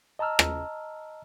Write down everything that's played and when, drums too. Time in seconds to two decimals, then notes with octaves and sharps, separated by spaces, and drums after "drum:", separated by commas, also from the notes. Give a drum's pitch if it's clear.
0.19 D#5 A5 A#5 E6 F6
0.39 drum: rim click